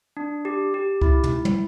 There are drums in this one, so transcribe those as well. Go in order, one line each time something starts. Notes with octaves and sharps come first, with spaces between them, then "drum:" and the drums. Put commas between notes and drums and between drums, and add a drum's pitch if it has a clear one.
D4
G4
G4
E4, drum: kick C#2
drum: tom
drum: tom